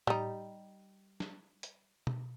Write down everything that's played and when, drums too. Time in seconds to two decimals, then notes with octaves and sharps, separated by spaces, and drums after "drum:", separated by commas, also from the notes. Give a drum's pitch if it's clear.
0.07 G3 D#4, drum: tom A2
1.20 drum: snare
1.63 drum: hi-hat
2.07 drum: tom B2